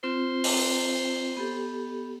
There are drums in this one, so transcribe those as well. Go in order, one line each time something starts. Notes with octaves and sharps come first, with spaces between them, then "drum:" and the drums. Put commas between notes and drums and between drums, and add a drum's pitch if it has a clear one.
C4 F4 C5
drum: open hi-hat
B3 G4 A4